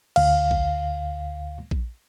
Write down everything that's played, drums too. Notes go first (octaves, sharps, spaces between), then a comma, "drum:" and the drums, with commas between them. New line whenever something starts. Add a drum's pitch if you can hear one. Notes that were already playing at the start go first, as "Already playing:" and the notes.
D2 F5, drum: cymbal
drum: kick A#1
drum: kick A#1